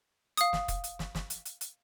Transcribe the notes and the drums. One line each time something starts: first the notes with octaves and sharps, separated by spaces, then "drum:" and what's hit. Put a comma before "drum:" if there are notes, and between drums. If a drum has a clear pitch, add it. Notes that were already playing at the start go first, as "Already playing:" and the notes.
F5 D#6, drum: hi-hat
drum: snare
drum: kick, hi-hat
drum: hi-hat
drum: snare
drum: snare
drum: hi-hat
drum: hi-hat
drum: hi-hat